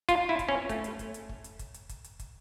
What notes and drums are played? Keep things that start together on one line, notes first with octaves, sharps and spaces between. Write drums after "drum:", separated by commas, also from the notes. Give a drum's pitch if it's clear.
F4, drum: kick, hi-hat
E4
drum: kick, hi-hat
C#4
A3, drum: kick, hi-hat
drum: hi-hat
drum: kick, hi-hat
drum: hi-hat
drum: kick
drum: hi-hat
drum: kick, hi-hat
drum: hi-hat
drum: kick, hi-hat
drum: hi-hat
drum: kick, hi-hat